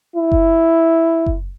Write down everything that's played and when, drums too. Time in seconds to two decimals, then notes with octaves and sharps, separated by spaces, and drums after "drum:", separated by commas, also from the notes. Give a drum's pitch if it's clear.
0.16 E4
0.32 drum: kick F#1
1.26 drum: kick F#1